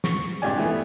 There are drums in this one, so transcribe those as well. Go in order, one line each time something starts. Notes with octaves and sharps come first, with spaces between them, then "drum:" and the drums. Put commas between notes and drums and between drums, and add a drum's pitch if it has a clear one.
C#6, drum: snare
G2 C3 G4 D5 G#5
E3 A3 B3